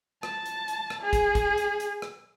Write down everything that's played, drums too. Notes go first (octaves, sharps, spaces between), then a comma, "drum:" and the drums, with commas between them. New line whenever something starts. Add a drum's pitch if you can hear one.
A5, drum: rim click
drum: hi-hat
drum: hi-hat
drum: rim click
G#4
drum: kick, hi-hat
drum: kick, hi-hat
drum: hi-hat
drum: hi-hat
drum: rim click